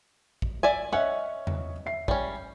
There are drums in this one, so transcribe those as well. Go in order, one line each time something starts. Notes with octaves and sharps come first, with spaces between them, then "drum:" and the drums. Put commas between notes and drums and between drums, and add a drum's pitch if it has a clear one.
drum: kick
D5 E5 G#5
C#4 C#5 D#5 E5 F#5
drum: tom E2
E5 C7
G3 C#4, drum: kick